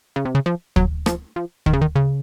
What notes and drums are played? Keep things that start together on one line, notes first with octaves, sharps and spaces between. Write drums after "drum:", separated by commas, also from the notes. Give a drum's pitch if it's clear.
C#3
C3
C#3
F3
F#3, drum: kick
F3, drum: rim click
F3
D#3, drum: kick
C#3
D#3
C#3